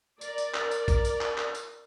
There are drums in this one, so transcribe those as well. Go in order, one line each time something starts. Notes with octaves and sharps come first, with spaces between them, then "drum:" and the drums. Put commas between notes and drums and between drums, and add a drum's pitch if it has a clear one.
A#4 D5, drum: tambourine
drum: tambourine
drum: clap
drum: tambourine
drum: kick, tambourine
drum: tambourine
drum: clap
drum: clap
drum: tambourine